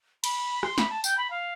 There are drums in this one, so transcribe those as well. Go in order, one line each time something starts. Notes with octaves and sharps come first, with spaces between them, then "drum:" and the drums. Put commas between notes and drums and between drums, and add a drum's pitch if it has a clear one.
B5, drum: cymbal
C6, drum: rim click
B5, drum: snare
A5
G5, drum: tambourine
B5
F5